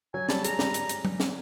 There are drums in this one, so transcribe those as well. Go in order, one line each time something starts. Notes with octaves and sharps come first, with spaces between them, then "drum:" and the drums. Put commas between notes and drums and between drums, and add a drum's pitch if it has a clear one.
F#3 G#5
G3 A5, drum: snare
G#3 A#5, drum: hi-hat
G3, drum: snare
drum: hi-hat
drum: hi-hat
drum: tom F#3
drum: snare